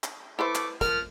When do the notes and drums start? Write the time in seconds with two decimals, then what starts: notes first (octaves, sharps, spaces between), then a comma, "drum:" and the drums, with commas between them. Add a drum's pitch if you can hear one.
0.04 drum: clap
0.39 A3 E4 B4 C5 D6
0.55 drum: clap
0.81 F3 A#4 F6, drum: kick, hi-hat